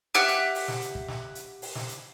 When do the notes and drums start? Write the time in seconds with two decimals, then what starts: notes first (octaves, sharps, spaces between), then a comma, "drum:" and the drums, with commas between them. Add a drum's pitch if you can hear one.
0.15 G4 E5 F#5 F6
0.28 drum: hi-hat
0.55 drum: open hi-hat
0.68 drum: snare
0.82 drum: hi-hat
0.95 drum: kick
1.08 drum: snare
1.35 drum: hi-hat
1.62 drum: open hi-hat
1.75 drum: snare
1.89 drum: hi-hat